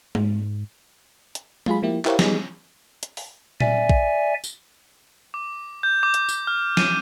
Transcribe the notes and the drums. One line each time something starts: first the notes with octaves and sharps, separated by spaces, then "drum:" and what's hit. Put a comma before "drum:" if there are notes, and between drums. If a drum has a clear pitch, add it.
G#2, drum: tom G#3
drum: hi-hat
F#3 F4 G#4 B5, drum: tom G#3
F3 A#3 E4 G4
E4 G4 A#4 C5 C#5 F5, drum: clap
G3 B3 D#4 G#4, drum: snare
drum: hi-hat
drum: open hi-hat
D5 E5 G#5, drum: tom A#2
drum: kick
drum: tambourine
D6
G6
D6
drum: hi-hat
drum: tambourine
F6
D#7, drum: snare